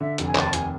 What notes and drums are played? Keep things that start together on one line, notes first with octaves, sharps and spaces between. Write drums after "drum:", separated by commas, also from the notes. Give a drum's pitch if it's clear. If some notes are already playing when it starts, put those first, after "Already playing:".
D3 E5
F1, drum: hi-hat
G#5
D#2 A5, drum: clap
F1 G#5, drum: hi-hat